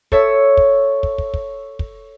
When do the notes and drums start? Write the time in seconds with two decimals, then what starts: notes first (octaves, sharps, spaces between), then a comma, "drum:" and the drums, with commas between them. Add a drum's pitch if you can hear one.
0.12 A4 C#5 E5, drum: kick
0.57 drum: kick
1.03 drum: kick
1.18 drum: kick
1.34 drum: kick
1.79 drum: kick